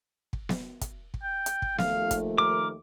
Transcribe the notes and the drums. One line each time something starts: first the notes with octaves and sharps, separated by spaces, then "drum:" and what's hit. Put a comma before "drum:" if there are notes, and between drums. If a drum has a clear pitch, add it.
drum: kick
drum: snare B3
drum: kick, hi-hat
drum: kick
G5
drum: hi-hat
drum: kick
D#2 F3 A3 F5, drum: snare B3
drum: kick, hi-hat
A#4 D6